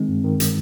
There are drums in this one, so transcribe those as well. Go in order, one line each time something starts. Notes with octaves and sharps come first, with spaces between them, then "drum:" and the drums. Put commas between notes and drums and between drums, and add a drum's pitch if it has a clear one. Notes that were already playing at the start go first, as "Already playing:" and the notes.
Already playing: D#3 G#3 C4 D#4
G2
D#3
D#3, drum: hi-hat